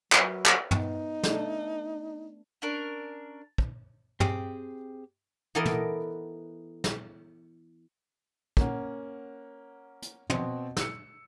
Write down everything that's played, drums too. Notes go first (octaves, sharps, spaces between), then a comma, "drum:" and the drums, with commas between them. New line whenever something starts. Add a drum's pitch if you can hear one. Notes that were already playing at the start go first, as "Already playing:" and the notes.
F#3 A#4 B4 E5, drum: clap
drum: clap
B3 D#4, drum: tom
A3 D4, drum: snare
C#4 D4 A#4
drum: kick
C4 G4 G#4, drum: tom
E3 B3 A4 A#4 D5 D#5
drum: tom
drum: snare
A#3 C#4 F#5, drum: kick
drum: hi-hat
B2 C4, drum: tom
E6 C#7, drum: snare